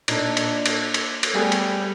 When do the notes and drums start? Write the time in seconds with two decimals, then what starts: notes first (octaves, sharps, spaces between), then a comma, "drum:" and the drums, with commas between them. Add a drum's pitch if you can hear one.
0.08 A#2 D4 D#4, drum: cymbal
0.37 drum: cymbal
0.66 drum: cymbal
0.94 drum: cymbal
1.23 drum: cymbal
1.35 G3 A3 B3 G#4
1.52 drum: cymbal